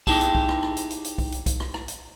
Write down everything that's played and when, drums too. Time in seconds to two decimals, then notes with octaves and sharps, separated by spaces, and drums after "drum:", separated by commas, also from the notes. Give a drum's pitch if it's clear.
0.07 D#4 E4 G4 G#4 A5, drum: kick B1, open hi-hat
0.21 drum: hi-hat
0.35 drum: kick B1
0.49 drum: rim click
0.63 drum: rim click
0.77 drum: hi-hat
0.91 drum: hi-hat
1.04 drum: hi-hat
1.18 drum: kick B1, open hi-hat
1.32 drum: hi-hat
1.46 drum: kick B1, hi-hat
1.60 drum: rim click
1.74 drum: rim click
1.88 drum: hi-hat